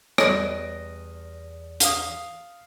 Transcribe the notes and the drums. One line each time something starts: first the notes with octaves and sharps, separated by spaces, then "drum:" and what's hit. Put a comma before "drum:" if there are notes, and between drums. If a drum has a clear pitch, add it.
E2 G3 D#5, drum: rim click
F5 D#6, drum: hi-hat